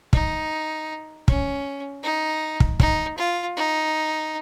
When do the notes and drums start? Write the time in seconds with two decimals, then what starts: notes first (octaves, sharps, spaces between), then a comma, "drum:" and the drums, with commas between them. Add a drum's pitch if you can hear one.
0.13 D#4, drum: kick
1.28 C#4, drum: kick
2.03 D#4
2.60 drum: kick
2.80 D#4, drum: kick
3.18 F4
3.56 D#4